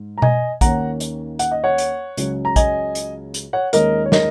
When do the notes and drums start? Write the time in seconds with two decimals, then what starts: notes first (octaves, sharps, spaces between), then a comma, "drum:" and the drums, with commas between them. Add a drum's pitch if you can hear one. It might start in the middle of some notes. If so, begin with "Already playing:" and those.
Already playing: G#2
0.18 A#5
0.22 D#5 G#5, drum: tom B2
0.61 D#2 D#3 A#3 C#4 F#5 A#5, drum: kick, hi-hat
1.00 drum: hi-hat
1.39 F#5, drum: hi-hat
1.51 D#5
1.64 C#5 F#5
1.78 drum: hi-hat
2.17 C#2 C#3 F#3, drum: hi-hat
2.45 A#5
2.56 D#5 G#5, drum: kick, hi-hat
2.95 drum: hi-hat
3.34 drum: hi-hat
3.53 C#5 F#5
3.73 D#2 D#3 G#3 C#4 A#4 D#5, drum: hi-hat
4.06 C#5
4.12 A#4 D#5, drum: snare